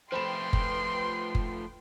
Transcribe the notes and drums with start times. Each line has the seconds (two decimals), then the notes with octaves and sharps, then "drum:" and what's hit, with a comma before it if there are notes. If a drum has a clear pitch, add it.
0.12 F3 A3 B4 C5 G5 B5 C6 E7
0.53 drum: kick F#1
1.35 drum: kick F#1